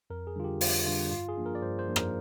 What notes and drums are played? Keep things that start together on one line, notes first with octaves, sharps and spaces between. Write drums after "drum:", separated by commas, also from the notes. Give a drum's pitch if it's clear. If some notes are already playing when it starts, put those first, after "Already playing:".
F2 A#4
G#4
D3 G3 D4 F4
G4
F2 F4, drum: open hi-hat
D3 G3 D4 F4
G2 F4
G#4
F3 A#3 D4
A#4
D5
G2 C5
C5
F3 A#3 D4
A#4, drum: rim click